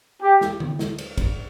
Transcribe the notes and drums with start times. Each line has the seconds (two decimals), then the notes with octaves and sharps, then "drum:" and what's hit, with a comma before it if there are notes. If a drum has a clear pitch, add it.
0.22 G4
0.41 drum: snare
0.60 drum: tom D3
0.79 drum: snare
0.98 drum: cymbal
1.18 drum: kick, cymbal